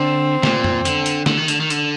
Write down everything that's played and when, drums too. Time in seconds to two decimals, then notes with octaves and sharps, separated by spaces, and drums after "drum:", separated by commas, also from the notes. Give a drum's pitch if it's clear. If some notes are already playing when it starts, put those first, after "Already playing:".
Already playing: D3 C4
0.43 A#2, drum: snare
0.64 drum: tom
0.85 D3, drum: hi-hat
1.06 drum: hi-hat
1.26 D3, drum: snare
1.37 D#3
1.48 D3, drum: hi-hat
1.60 D#3
1.70 D3, drum: hi-hat